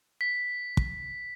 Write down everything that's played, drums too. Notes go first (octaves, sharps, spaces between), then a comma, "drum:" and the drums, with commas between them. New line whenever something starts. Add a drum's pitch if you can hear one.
B6
drum: kick